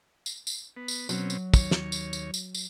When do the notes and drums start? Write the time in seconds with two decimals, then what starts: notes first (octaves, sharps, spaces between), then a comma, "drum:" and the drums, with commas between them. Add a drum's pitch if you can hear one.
0.26 drum: tambourine
0.47 drum: tambourine
0.77 B3
0.88 drum: tambourine
1.09 B2 F#3 C4 C#4, drum: tambourine
1.30 drum: tambourine
1.54 D#2 C#5, drum: kick, tambourine
1.71 drum: snare
1.92 drum: tambourine
2.13 drum: tambourine
2.34 drum: tambourine
2.54 drum: tambourine